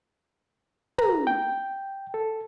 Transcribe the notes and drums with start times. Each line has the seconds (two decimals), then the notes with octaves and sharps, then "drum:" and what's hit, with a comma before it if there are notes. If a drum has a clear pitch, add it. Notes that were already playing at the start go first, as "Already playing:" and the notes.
0.98 A#5, drum: tom
1.27 G5
2.14 A4